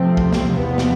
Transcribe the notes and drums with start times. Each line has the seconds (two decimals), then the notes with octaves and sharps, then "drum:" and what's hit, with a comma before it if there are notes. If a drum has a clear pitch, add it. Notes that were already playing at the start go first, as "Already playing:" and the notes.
Already playing: C3 F3 A3 C4
0.17 drum: kick
0.33 drum: snare
0.48 E2 C3 F3 B3
0.78 drum: snare